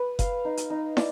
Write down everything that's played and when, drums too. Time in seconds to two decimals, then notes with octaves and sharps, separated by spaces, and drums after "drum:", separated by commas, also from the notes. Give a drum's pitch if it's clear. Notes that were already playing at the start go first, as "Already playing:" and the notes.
Already playing: B4
0.19 F5, drum: kick F#1, hi-hat
0.45 D#4
0.57 drum: hi-hat
0.70 D#4
0.97 D5, drum: snare